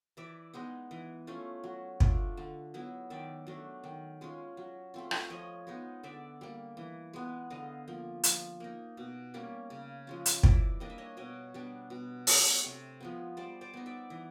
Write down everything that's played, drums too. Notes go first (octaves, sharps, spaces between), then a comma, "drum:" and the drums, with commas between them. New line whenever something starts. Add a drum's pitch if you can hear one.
E3 D5 E5
G#3 B3 D#4
E3
A3 C#4 F4
F#3
A3 D4 F4, drum: kick
D3
F#3 B3 E4
D#3 D5 E5
F#3 A3 D4
D#3
G#3 C#4 F4
F#3
A3 C4 F4
drum: rim click
F3 C#5 D#5
G#3 B3 D#4
D3 D5 E5
G3 A#3
E3
G#3 B3
D3 D#5 F5
F3 A#3
F3, drum: hi-hat
A#3 D#4
B2
G3 A#3 C#4
C#3
F3 G#3 C#4
drum: hi-hat
E3 D5 E5, drum: kick
G3 A#3 D4 D#5
E5
C#5 D#5
B2 C#5 D#5
G3 B3 D4
B2
F#3 A3, drum: open hi-hat
C3
F3 G#3 B3
G3 C5 D5
C5 D5
B3 D#4
D5 E5
E3